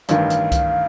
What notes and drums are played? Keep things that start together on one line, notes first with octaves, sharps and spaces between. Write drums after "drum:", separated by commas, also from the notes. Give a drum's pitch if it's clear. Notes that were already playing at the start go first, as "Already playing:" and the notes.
A1 G2 D#3 F5, drum: hi-hat
drum: hi-hat
drum: kick C2, hi-hat